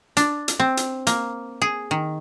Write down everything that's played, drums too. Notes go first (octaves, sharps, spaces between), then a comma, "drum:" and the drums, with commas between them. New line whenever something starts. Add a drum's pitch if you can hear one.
D4, drum: hi-hat
drum: hi-hat
C4
drum: hi-hat
A#3, drum: hi-hat
G#4
D#3